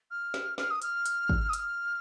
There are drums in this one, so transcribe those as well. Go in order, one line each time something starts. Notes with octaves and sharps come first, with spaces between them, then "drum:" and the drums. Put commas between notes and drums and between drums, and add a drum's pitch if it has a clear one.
F6
drum: snare
F6, drum: snare
D#6
F6, drum: hi-hat
drum: hi-hat
drum: kick
D#6
F6, drum: hi-hat